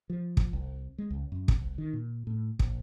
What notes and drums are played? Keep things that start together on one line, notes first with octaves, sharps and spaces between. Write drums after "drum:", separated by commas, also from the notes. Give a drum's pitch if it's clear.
F3
drum: kick
C2
G#3
C#2
F#2
drum: kick
C2
D#3
A#2
A2
A#1, drum: kick